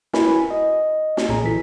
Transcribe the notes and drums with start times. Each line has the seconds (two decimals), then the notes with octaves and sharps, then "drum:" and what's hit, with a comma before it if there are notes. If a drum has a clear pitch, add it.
0.13 E4 F#4 A#4 B4 G#5 B5, drum: snare
0.50 D#5
1.17 drum: snare
1.29 A#1 A#2 G#4 G#5 A#5
1.44 E3 A4 B6